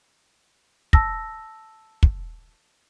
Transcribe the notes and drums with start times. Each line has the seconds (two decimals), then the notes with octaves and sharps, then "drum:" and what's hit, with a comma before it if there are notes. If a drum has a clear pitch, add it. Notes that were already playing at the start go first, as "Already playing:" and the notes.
0.93 A5 E6 A#6, drum: kick
2.03 drum: kick